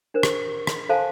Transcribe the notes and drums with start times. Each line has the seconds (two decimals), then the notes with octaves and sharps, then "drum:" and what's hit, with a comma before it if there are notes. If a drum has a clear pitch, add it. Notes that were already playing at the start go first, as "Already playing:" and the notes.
0.14 D4 A#4 C5
0.23 drum: rim click
0.67 drum: rim click
0.89 A4 C5 F5 G#5 A5